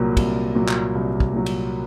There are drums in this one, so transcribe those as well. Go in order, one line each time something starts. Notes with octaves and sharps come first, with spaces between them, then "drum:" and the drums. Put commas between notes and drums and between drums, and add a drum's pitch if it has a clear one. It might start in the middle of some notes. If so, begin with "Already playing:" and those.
Already playing: C2 A#2 F#3 A#3
C2, drum: kick, cymbal
A#2 F#3
drum: clap
C2
drum: kick
A#2 F#3
drum: cymbal